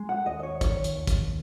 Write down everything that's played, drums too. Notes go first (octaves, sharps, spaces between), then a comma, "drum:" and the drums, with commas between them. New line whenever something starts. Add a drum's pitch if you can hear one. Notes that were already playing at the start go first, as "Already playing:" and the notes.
Already playing: G#3
F#5
D#2 D#5
D#5
C#5
D#3 C#5, drum: kick, hi-hat
drum: hi-hat
D#2
drum: kick, hi-hat